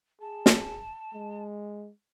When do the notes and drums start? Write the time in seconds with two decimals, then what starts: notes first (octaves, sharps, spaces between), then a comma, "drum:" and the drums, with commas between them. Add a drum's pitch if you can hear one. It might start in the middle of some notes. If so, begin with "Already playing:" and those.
0.21 G#4 A5
0.46 drum: snare
1.14 G#3